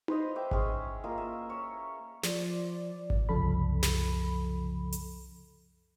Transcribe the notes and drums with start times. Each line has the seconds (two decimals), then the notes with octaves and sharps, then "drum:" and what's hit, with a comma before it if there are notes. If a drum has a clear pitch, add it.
0.08 B4 C5 D#5 F5, drum: tom D#4
0.36 E5 G5 D6
0.51 G#3 C#4 G#4, drum: kick G#1
1.04 A#3 F4 A#4 D#5
1.18 E5
1.50 C#5
2.23 F3 D5, drum: snare
3.10 drum: kick G#1
3.29 C2 F#2 C#3 F3 A4 B5
3.83 drum: snare
4.92 drum: hi-hat